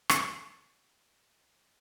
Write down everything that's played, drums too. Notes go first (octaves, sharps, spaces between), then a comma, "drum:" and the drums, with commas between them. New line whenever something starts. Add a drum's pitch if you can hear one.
drum: rim click
F#4
F5
G4